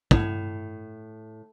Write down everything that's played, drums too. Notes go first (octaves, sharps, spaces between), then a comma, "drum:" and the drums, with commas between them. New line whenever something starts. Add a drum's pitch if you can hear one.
A2, drum: kick